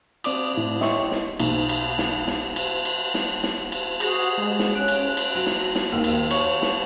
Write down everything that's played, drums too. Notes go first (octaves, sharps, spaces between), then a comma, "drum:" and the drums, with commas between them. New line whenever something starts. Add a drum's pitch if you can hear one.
C4 D5 D6 D#6, drum: cymbal
A2 E4
C#5 D#5 E5 G5 C6 C#6, drum: snare
drum: snare
B1, drum: cymbal
drum: cymbal
drum: snare
drum: snare
drum: cymbal
drum: cymbal
drum: snare
drum: snare
drum: cymbal
F#4 G#4, drum: cymbal
G#3
drum: snare
C#4 F#6 D7
drum: cymbal
drum: cymbal
F#3
drum: snare
drum: snare
D#2
drum: cymbal
C#5, drum: cymbal
drum: snare